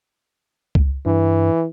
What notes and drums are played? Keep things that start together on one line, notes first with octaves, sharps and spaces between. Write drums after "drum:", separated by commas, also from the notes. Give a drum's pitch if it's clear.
drum: kick C#2
G2 E3